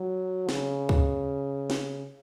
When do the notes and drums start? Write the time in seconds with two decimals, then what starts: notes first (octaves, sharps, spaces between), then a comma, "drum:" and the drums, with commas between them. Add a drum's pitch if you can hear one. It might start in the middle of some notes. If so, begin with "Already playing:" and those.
Already playing: F#3
0.49 C#3, drum: snare
0.89 drum: kick C#2
1.70 drum: snare